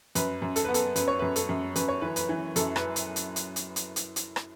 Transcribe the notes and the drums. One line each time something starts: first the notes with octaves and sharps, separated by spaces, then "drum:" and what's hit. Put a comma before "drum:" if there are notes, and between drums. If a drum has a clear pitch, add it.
F#2 B4, drum: hi-hat
F#2
A4, drum: hi-hat
B3 B4
A4, drum: hi-hat
F#2 B4, drum: hi-hat
C#5
F#2 B4
A4, drum: hi-hat
F#2
F#2 B4, drum: hi-hat
C#5
E3 B4
B4, drum: hi-hat
E3
F#2 A4, drum: hi-hat
B4, drum: rim click
drum: hi-hat
drum: hi-hat
drum: hi-hat
drum: hi-hat
drum: hi-hat
drum: hi-hat
drum: hi-hat
drum: rim click